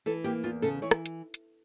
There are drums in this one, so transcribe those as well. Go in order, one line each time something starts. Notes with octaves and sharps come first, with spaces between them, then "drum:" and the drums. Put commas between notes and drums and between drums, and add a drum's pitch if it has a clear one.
E3 A4
A#3 G4
E2 F4
C#3 A4
E3 C#5
drum: rim click
drum: hi-hat
drum: hi-hat